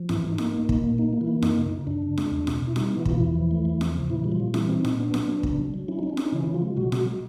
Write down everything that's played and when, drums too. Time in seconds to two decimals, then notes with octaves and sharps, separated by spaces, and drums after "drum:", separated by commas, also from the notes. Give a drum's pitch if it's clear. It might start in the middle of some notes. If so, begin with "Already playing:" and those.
Already playing: F3
0.09 G#2 E3 E4, drum: snare F4
0.24 G#2
0.32 D#4
0.38 A#3, drum: snare F4
0.54 A#3
0.69 A#2, drum: kick
0.83 A#3
0.98 A#3 D#4
1.13 A#3
1.21 E3 E4
1.27 A#3
1.42 F#2 D#4, drum: snare F4
1.58 C#3
1.72 C#3
1.87 F#2 D4
2.02 C#3
2.18 G#3, drum: snare F4
2.31 E2
2.47 B2, drum: snare F4
2.62 B2 E4
2.76 G3 D#4, drum: snare F4
2.89 B3 D#4
2.98 E3 E4
3.05 B2, drum: kick
3.11 F4
3.20 E2 E3 E4
3.35 F3
3.51 A3
3.65 E2
3.81 F3, drum: snare F4
3.95 C#3
4.10 A#2 E3 E4
4.24 G3
4.32 F3 F4
4.40 A#2
4.54 E3 G3 E4, drum: snare F4
4.69 C4
4.77 D#4
4.85 A#2, drum: snare F4
4.99 B3 D4
5.14 F#3, drum: snare F4
5.28 B3
5.43 C#3, drum: kick
5.59 F#3
5.74 F#3
5.88 C#4 E4
5.99 C#4 D#4
6.10 D4
6.17 C#4 D#4, drum: snare F4
6.32 C#3 E3 E4
6.44 C#3 E4
6.54 F3 F4
6.62 G#3
6.77 B2 F#3 F#4
6.92 B2, drum: snare F4
7.07 G#3